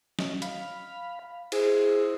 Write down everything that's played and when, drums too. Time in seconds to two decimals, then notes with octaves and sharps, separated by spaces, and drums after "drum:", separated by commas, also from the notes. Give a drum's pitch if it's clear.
0.19 F#3 C#4 D#5, drum: snare
0.42 F5 B5, drum: hi-hat
1.52 E4 G#4 C5, drum: cymbal